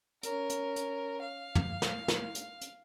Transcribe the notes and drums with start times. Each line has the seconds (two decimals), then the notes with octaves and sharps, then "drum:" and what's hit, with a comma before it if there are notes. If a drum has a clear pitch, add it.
0.23 C#4 A#4, drum: hi-hat
0.50 drum: hi-hat
0.76 drum: hi-hat
1.22 F5
1.55 drum: tom
1.82 drum: snare
2.08 drum: snare
2.35 drum: hi-hat
2.61 drum: hi-hat